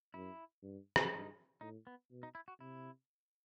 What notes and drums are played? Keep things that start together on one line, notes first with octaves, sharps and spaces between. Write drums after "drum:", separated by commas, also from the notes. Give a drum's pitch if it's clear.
F#2 E4
G2
drum: rim click
G2 D#4
A2 D#4
B3
B2
D#4
E4
F#4
C3 E4